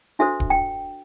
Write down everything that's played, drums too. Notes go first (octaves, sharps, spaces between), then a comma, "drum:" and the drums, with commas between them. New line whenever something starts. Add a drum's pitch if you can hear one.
D4 F#4 A4 C5 E5
drum: kick D1
G5